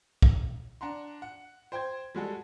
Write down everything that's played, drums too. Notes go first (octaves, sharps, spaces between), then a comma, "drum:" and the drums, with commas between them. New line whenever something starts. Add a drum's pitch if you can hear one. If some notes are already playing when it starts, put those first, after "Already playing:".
drum: kick
D4 F#5 A#5 C6
F#5
C5 G5 C6 G#6
G3 G#3 F#4 A4